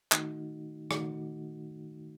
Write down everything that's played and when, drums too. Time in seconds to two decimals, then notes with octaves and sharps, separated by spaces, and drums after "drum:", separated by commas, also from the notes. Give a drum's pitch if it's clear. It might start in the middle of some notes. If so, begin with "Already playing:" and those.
0.12 D#3 A3 D#4 F#4, drum: clap
0.91 D#3 A3 D#4 F#4, drum: rim click